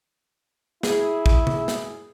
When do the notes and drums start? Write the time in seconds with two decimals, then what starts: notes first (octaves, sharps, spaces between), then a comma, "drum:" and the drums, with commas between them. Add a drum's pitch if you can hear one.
0.83 E4 G#4, drum: snare
1.26 drum: kick
1.47 drum: tom C3
1.68 drum: snare